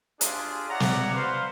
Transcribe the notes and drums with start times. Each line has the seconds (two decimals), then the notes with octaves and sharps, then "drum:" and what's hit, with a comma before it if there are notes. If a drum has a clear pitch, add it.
0.21 D4 F4 G4 G#4, drum: hi-hat
0.70 C#5 D5 E5 F#5 A#5
0.80 drum: snare
1.13 B4 C5 F5